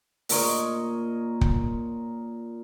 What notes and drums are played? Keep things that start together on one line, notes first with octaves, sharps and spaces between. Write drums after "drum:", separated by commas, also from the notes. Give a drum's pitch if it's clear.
A#2 A#4 C#5 D#5, drum: open hi-hat
drum: kick